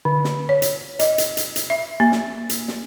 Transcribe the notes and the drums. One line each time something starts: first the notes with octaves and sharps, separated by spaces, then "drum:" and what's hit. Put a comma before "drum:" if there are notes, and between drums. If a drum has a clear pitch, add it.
D3
drum: snare
C#5
drum: hi-hat
D#5, drum: hi-hat
drum: hi-hat
drum: hi-hat
drum: hi-hat
E5
A#3
drum: snare
drum: hi-hat
drum: snare